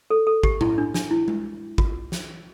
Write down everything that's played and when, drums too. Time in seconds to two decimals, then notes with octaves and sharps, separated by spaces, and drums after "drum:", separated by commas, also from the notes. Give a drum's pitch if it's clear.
0.10 A4
0.27 A4
0.43 G4, drum: kick G#1
0.61 E4, drum: tom A2
0.78 D4
0.94 D4, drum: snare
1.11 E4
1.28 drum: tom G#3
1.78 F4, drum: kick G#1
2.12 drum: snare